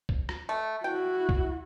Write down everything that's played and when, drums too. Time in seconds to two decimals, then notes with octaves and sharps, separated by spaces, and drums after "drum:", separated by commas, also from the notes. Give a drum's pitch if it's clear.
0.09 drum: kick
0.29 drum: rim click
0.49 A3
0.84 E4 F#4 G5
1.29 drum: kick